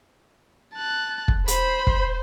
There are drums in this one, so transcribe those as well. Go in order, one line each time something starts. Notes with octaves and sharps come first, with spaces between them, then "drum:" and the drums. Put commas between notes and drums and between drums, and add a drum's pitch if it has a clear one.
A5 F#6
drum: kick
C5 B5, drum: hi-hat
drum: kick